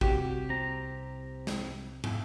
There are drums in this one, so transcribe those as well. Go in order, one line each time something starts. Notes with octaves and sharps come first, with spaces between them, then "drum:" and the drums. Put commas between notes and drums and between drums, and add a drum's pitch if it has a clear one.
C2 C3 F#4 G4, drum: kick
C4 A#5
drum: snare
drum: tom